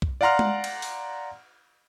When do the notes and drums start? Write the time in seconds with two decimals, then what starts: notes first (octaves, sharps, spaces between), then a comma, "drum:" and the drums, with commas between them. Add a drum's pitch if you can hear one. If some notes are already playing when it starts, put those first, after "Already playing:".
0.02 drum: kick B1
0.21 D5 F5 F#5 A#5 C6 F6
0.39 drum: tom G#3
0.64 drum: cymbal
0.82 drum: open hi-hat